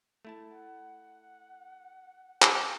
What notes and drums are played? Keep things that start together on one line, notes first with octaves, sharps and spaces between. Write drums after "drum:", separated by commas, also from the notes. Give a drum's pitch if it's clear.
A3 E4 A5
F#5
drum: clap